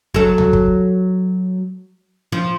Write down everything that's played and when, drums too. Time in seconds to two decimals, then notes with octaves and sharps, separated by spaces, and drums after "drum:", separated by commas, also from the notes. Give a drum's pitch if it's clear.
0.14 F#3 A4, drum: kick
0.38 drum: tom C#2
0.53 drum: kick
2.32 F3